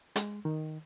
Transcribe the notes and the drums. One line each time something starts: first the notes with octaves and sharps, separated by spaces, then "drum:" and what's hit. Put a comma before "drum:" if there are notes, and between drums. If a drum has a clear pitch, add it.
G#3, drum: hi-hat
D#3